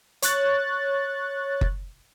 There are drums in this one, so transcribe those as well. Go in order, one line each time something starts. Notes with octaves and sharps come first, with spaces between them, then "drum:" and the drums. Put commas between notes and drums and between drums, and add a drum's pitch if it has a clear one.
C#5 C#6 F#6 A6, drum: hi-hat
drum: kick F#1